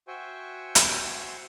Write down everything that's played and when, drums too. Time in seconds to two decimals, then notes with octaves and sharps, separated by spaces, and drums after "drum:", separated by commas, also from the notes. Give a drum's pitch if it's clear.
0.08 F#4 C5 E5 G5 G#5 C#6
0.75 drum: hi-hat